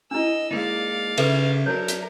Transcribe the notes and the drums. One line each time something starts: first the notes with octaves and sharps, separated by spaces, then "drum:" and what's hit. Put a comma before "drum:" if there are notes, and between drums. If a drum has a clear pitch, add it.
D4 E4 D#5 E6
G#3 A#3 D#4 D5 F5
C#3 A4 B4 E5, drum: cymbal
F#3 D4 A#4 C#5
drum: hi-hat